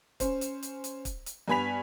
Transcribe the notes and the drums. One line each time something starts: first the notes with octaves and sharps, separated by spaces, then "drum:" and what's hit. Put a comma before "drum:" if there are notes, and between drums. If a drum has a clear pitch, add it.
C#4 C5, drum: kick, hi-hat
drum: hi-hat
drum: hi-hat
drum: hi-hat
drum: kick, hi-hat
drum: hi-hat
G2 B3 G#5 B5 B6 F7